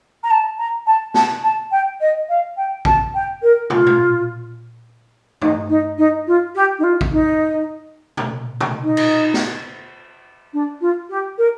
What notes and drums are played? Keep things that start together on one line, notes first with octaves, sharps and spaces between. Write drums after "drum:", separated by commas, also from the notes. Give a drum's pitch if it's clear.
A#5
A5
A#5
A5
A5, drum: snare
A5
G5
D#5
F5
G5
A5, drum: kick A1
G5
A#4
F4, drum: tom
drum: tom A#2
D#4, drum: tom
D#4
D#4
F4
G4
D#4
F4
drum: kick A1
D#4
drum: tom
drum: tom
D#4
drum: cymbal
drum: snare
D4
F4
G4
A#4